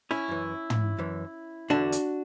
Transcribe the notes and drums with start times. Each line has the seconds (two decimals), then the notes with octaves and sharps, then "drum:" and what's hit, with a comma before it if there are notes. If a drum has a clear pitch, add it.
0.11 C#4 E4
0.28 F#2 E3
0.70 drum: tom
0.98 F#2 E3
1.70 E2 D3 D4 F#4
1.92 drum: hi-hat